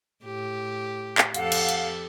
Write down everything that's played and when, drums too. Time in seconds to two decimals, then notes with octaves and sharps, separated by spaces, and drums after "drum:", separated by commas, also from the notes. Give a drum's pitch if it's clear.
0.25 A2 G4
1.18 drum: clap
1.34 F2 G4 A4 F5 F#5, drum: hi-hat
1.52 drum: cymbal
1.69 drum: hi-hat